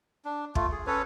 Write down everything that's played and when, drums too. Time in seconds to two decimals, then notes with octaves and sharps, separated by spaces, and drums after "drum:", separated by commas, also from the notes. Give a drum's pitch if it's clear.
0.25 D4
0.55 A3 F4, drum: kick
0.72 G#4
0.87 C#4 A4 B4 C#5